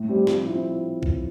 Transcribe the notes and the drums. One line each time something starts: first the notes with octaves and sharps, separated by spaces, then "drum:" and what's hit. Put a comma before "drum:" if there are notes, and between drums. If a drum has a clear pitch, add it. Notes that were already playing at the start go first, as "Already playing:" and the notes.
Already playing: A2
G3 C4
F3, drum: snare
C4 E4
drum: kick